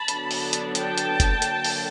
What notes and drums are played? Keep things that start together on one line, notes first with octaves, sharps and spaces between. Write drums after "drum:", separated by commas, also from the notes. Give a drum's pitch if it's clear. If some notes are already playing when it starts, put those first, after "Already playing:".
Already playing: A5 B5
D3 F#3 B3 D4, drum: hi-hat
drum: open hi-hat
drum: hi-hat
G5 A5, drum: hi-hat
drum: hi-hat
drum: kick, hi-hat
D3 F#3 A#3, drum: hi-hat
drum: open hi-hat